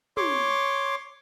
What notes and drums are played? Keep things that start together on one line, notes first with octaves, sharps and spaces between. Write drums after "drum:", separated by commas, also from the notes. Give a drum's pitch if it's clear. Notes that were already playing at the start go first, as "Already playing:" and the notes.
C#5 C6 D6, drum: tom